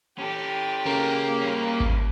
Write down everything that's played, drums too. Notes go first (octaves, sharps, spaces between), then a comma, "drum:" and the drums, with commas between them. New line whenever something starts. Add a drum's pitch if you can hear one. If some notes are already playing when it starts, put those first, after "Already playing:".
C#4 G4 A4
C#3 A#3
G3 C#4
drum: kick G#1